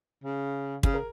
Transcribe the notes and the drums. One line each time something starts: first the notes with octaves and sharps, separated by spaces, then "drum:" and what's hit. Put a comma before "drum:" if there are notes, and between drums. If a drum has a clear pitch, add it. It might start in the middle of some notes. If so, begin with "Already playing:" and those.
C#3
C#3 G#4, drum: kick
A#4